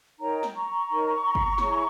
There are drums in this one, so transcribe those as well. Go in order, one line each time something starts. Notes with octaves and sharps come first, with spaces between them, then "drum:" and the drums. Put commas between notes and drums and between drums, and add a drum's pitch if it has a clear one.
D#4 A#4 C#5 G5 A#5
drum: snare
A#5 C#6
D#4 A#4 C#5
drum: kick G1
E4 G#4 C#5, drum: snare